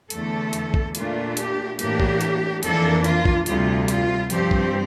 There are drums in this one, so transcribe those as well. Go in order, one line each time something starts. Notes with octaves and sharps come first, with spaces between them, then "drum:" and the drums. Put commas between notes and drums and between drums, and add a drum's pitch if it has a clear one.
E2 D3 A3 A4, drum: hi-hat
drum: hi-hat
drum: kick
A#2 A3 D4 F4, drum: hi-hat
G4, drum: hi-hat
A2 E3 A#3 D4 G4, drum: hi-hat
drum: kick
drum: hi-hat
F2 E3 A#3 D4 A4, drum: hi-hat
F4, drum: hi-hat
drum: kick
D2 C3 G3 F4, drum: hi-hat
F4, drum: hi-hat
G2 F3 C4 G4, drum: hi-hat
drum: kick